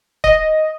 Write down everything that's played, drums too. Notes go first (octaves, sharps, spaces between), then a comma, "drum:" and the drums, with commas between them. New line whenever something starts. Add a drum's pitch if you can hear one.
D#5, drum: kick